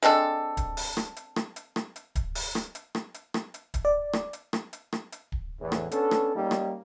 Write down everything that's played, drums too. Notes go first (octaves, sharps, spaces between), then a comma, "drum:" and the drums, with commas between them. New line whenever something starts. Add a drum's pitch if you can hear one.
G#3 C4 D4 A4
drum: kick D1, hi-hat
drum: open hi-hat
drum: rim click
drum: hi-hat
drum: rim click
drum: hi-hat
drum: rim click
drum: hi-hat
drum: kick D1, hi-hat
drum: open hi-hat
drum: rim click
drum: hi-hat
drum: rim click
drum: hi-hat
drum: rim click
drum: hi-hat
drum: kick D1, hi-hat
D5
drum: rim click
drum: hi-hat
drum: rim click
drum: hi-hat
drum: rim click
drum: hi-hat
drum: kick D1
E2 A2
drum: rim click
B3 C#4 D4 A4, drum: hi-hat
drum: rim click
G#2 G3 A#3 C#4 D#4
drum: rim click